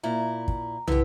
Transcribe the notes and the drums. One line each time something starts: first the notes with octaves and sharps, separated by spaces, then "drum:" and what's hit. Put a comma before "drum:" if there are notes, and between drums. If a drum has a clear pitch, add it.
A#2 E4 A#5
drum: kick
D3 E4 G4 B4, drum: tom